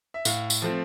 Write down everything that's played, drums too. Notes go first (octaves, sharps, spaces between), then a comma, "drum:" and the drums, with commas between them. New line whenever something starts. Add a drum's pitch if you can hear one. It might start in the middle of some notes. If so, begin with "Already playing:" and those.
E5
A2 F5, drum: tambourine
drum: tambourine
F3 A3 C4